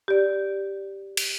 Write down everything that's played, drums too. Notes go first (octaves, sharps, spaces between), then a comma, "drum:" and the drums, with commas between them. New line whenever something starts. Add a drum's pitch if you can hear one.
G4 D5
drum: cymbal